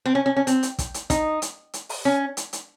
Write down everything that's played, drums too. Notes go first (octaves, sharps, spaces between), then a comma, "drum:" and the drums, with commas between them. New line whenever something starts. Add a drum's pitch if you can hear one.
C4
C#4
C#4
C#4
C4, drum: hi-hat
drum: hi-hat
drum: kick, hi-hat
drum: hi-hat
D#4, drum: kick, hi-hat
drum: hi-hat
drum: hi-hat
drum: open hi-hat
C#4
drum: hi-hat
drum: hi-hat